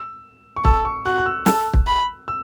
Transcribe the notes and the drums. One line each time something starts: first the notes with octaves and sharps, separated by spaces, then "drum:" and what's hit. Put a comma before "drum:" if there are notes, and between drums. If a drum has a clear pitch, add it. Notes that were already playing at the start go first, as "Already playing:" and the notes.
Already playing: E6
C#6
A4 E6, drum: kick
C#6
F#4 F#6
F#6
E6
A4 E6, drum: snare
drum: kick
B5
E6